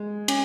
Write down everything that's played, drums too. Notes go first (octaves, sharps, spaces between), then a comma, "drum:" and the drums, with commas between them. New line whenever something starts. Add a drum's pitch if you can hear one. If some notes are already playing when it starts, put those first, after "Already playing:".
Already playing: G#3
C#4, drum: cymbal